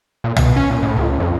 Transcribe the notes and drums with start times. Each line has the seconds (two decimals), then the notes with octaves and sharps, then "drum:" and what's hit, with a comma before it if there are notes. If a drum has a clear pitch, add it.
0.24 A#2
0.36 B2, drum: tom
0.56 C#4
0.70 A#2
0.83 A2
0.98 C#2
1.20 F2